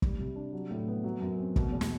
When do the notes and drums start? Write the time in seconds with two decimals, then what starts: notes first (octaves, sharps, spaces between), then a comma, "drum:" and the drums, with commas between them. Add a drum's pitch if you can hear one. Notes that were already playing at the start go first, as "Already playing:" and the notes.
0.02 G3, drum: kick
0.19 C3
0.36 D4
0.53 F#3
0.71 A2
0.88 B3
1.04 F#3
1.21 F#2
1.38 C4
1.56 B2, drum: kick
1.72 E2
1.81 drum: snare